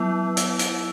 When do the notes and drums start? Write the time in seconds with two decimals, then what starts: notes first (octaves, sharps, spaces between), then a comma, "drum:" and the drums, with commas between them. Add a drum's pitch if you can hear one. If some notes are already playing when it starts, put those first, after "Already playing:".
Already playing: F#3 B3 E4 E6
0.37 E6, drum: hi-hat
0.59 drum: hi-hat